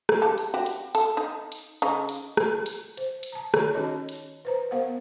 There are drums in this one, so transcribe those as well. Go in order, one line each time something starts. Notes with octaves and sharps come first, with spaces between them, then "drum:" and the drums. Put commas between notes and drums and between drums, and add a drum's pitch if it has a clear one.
drum: rim click
G4 A4
drum: hi-hat
F#4 G4
drum: hi-hat
A4, drum: hi-hat
D#4
drum: hi-hat
C#3 D#4, drum: hi-hat
drum: hi-hat
drum: rim click
drum: hi-hat
C5, drum: hi-hat
drum: hi-hat
A5 A#5
D#3, drum: rim click
C#4 D#4 F#4 C#5 D#5 A5
drum: hi-hat
B4 C5 A#5
B3 A#4 C5 F5 F#5